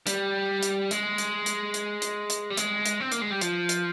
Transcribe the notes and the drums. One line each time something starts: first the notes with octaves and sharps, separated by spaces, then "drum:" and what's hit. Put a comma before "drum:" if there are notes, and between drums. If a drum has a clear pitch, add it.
G3, drum: hi-hat
drum: hi-hat
G#3, drum: hi-hat
drum: hi-hat
drum: hi-hat
drum: hi-hat
drum: hi-hat
drum: hi-hat
G3
G#3, drum: hi-hat
drum: hi-hat
C4
A#3, drum: hi-hat
G#3
G3
F3, drum: hi-hat
drum: hi-hat